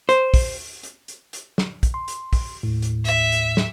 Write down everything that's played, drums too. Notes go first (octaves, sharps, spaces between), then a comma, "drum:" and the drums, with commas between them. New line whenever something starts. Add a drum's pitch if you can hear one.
C5, drum: hi-hat
drum: kick, open hi-hat
drum: hi-hat
drum: hi-hat
drum: hi-hat
drum: snare
drum: kick, hi-hat
C6
drum: hi-hat
drum: kick, open hi-hat
D#2 A2
drum: hi-hat
E5, drum: hi-hat
drum: hi-hat
drum: snare